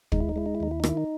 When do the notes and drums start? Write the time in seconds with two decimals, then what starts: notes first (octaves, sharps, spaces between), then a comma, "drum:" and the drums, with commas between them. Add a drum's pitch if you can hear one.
0.12 G#3 D#4, drum: kick
0.20 E4
0.29 D#4
0.36 G#3 E4
0.46 D#4
0.55 E4
0.60 D#2 D#4
0.71 E4
0.80 D#4
0.84 D#3, drum: rim click
0.89 E4
0.97 D#4